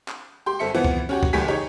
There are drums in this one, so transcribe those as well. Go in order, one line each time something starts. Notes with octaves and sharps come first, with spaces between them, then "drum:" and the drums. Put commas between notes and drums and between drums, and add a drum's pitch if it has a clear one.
drum: clap
G4 C6
G1 C4 A4 E5 C#7
E3 F3 B3 C4
drum: kick C#2
C#4 F#4 G4
drum: kick C#2
F#1 E2 A3 G4 G#5 B6
D#4 G4 G#4 C#5